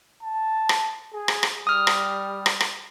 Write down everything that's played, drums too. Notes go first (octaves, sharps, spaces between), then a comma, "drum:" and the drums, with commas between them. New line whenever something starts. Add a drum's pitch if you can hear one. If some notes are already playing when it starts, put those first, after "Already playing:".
A5
drum: rim click
G#4
drum: rim click
drum: rim click
G3 D#6 F6
drum: rim click
drum: rim click
drum: rim click